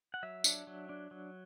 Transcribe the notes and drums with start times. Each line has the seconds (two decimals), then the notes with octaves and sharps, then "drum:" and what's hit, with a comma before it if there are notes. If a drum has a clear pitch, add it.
0.14 F#5
0.23 F#3 E5
0.44 D4, drum: tambourine
0.67 F#3
0.89 D4
1.11 F#3